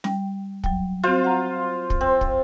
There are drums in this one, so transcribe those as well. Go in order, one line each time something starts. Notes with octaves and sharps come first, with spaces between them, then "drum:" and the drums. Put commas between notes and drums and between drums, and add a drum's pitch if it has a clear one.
G3 G5, drum: snare
F#3 G5, drum: kick
C4 F4 F#4 C5 F5
F#5 A#5
drum: kick
C4
drum: kick